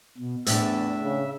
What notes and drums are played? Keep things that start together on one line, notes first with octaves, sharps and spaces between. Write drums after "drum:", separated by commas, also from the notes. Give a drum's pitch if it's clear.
B2
E2 A2 D4 E5, drum: hi-hat
C#3